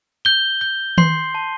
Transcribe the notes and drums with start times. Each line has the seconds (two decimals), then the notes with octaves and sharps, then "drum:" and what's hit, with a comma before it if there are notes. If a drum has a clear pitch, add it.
0.25 G6 G7
0.61 G6
0.98 C6 G6 C7, drum: tom D#3
1.35 A5